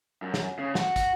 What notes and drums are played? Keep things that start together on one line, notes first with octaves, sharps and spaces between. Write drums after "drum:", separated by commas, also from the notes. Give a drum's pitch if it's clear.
F#2
drum: snare
C#3
F#4, drum: snare
drum: kick, hi-hat